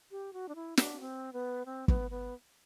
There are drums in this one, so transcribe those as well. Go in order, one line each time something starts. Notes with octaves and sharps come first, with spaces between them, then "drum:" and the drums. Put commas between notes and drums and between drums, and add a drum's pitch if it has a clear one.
G4
F#4
D4
E4
D4, drum: snare
C4
B3
C4
B3, drum: kick
B3